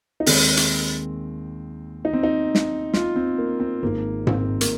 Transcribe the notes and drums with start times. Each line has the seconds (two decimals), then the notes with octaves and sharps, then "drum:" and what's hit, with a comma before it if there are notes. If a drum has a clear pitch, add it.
0.20 D#4
0.26 D#2 D#3 G#3 C4, drum: open hi-hat
0.57 drum: hi-hat
2.05 D#4
2.13 C4
2.23 D#4
2.55 drum: snare
2.93 F4, drum: snare
3.16 C4
3.38 A#3
3.60 C4
3.83 G#1 G#2 G#3 A#3
4.27 C4, drum: tom G#2
4.61 A#3, drum: hi-hat